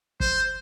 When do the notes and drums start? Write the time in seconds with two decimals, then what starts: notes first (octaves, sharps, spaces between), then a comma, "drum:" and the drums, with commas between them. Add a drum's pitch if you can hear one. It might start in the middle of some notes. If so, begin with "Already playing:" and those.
0.20 C5, drum: kick